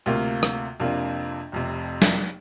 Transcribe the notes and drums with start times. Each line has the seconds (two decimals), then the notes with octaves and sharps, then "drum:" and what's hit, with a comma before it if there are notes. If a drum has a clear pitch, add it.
0.06 D2 C3 A#3 F4
0.43 drum: rim click
0.80 F2 C3 A#3 D4 F4
1.52 F1 F2 C3
2.02 drum: snare